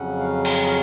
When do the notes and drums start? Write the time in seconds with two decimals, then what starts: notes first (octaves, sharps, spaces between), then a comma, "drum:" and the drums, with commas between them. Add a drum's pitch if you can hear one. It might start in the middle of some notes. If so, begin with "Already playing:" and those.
Already playing: F2 C#3 F#3 C#4 F#5
0.20 F5
0.45 drum: cymbal
0.66 F5